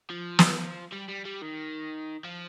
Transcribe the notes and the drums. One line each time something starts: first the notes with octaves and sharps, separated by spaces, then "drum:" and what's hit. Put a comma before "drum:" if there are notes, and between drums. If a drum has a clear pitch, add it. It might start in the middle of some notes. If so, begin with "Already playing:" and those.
F3
drum: snare
G3
G3
G3
D#3
F3